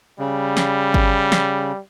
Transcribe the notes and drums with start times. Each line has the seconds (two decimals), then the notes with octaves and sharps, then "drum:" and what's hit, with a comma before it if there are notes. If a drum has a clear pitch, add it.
0.19 C#3 G3
0.57 drum: snare
0.94 drum: kick G1
1.32 drum: snare